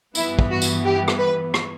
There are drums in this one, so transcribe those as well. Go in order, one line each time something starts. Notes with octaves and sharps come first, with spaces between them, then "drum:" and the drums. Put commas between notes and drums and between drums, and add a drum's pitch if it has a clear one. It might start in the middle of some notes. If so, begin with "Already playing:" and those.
G2 E3 B3 E4, drum: tambourine
drum: kick
F#4
drum: tambourine
G4
drum: rim click
B4
drum: rim click